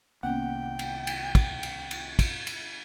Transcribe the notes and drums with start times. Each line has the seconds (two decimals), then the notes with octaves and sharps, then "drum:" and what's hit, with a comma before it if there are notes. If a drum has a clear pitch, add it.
0.23 C2 C3 D#3 A#3 B3 C#4 F#5 G5
0.79 drum: cymbal
1.07 drum: cymbal
1.35 drum: kick, cymbal
1.63 drum: cymbal
1.91 drum: cymbal
2.19 drum: kick, cymbal
2.47 drum: cymbal